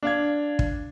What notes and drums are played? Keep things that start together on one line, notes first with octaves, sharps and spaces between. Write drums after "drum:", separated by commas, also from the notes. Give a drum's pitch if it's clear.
D4 F5 G#6
drum: kick